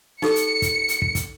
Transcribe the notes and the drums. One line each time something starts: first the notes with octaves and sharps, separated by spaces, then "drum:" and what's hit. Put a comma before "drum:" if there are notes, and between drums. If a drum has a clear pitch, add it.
D#4 G4 A4 C#7, drum: snare
drum: hi-hat
drum: kick, hi-hat
drum: hi-hat
drum: kick
drum: kick, hi-hat